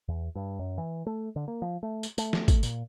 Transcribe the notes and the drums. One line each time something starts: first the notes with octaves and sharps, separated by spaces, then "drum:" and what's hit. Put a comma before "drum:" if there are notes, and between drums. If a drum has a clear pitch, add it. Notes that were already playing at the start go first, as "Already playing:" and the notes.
E2
G2
F#2
E3
A3
D3
A#3
F3
A3
drum: tambourine
A3, drum: tambourine
drum: snare
drum: kick, tambourine
A#2, drum: tambourine